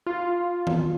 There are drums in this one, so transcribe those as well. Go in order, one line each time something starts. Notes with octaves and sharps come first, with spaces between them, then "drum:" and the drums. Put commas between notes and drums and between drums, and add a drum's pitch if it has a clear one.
F4
drum: tom D#3